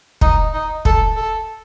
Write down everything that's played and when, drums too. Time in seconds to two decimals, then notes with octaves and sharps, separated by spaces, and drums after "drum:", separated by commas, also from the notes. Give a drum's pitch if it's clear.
0.21 D#4, drum: kick
0.54 D#4
0.85 A4, drum: kick
1.16 A4